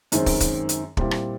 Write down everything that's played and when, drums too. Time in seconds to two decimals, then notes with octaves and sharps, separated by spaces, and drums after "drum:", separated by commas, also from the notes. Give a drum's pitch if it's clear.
0.12 F#2 D#3 G#3 C4, drum: hi-hat
0.26 drum: kick, open hi-hat
0.40 drum: kick, hi-hat
0.69 drum: hi-hat
0.97 A#2 G3 C4 E4, drum: kick
1.11 drum: rim click